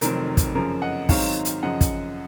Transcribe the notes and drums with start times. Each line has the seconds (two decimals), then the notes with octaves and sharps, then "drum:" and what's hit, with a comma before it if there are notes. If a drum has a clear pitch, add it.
0.01 F1 F2 D#3 F#3 C4 A#4, drum: hi-hat
0.37 drum: kick, hi-hat
0.55 F#2 C#3 F3 A#4
0.82 D#5 F#5
1.09 G#2 D#3 F#3 C4 D#4 C#5 F5, drum: kick, open hi-hat
1.45 drum: hi-hat
1.63 F#2 C#3 F3 D#5 F#5
1.81 drum: kick, hi-hat